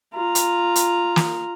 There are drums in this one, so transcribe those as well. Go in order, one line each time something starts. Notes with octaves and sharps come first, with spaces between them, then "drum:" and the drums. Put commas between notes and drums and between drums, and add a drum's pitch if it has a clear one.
F4 A#5
drum: hi-hat
drum: hi-hat
drum: snare